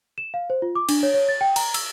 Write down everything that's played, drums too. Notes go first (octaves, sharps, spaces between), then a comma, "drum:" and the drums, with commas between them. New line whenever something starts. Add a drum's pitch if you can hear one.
E7
F5
C5
F4
D6
D4, drum: cymbal
C#5
C#5
A6
G5
A#5, drum: cymbal
E6, drum: cymbal